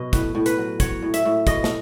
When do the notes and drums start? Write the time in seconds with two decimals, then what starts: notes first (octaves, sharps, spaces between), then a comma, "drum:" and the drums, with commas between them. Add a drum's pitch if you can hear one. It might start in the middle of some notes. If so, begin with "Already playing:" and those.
Already playing: B2 F#3 D#5
0.13 A2 B4, drum: kick, hi-hat
0.35 A2
0.46 B4, drum: hi-hat
0.58 F#3
0.80 F#3 C#5, drum: kick, hi-hat
1.02 A2
1.14 E5, drum: hi-hat
1.25 A2
1.47 B2 D#5, drum: kick, hi-hat
1.64 drum: snare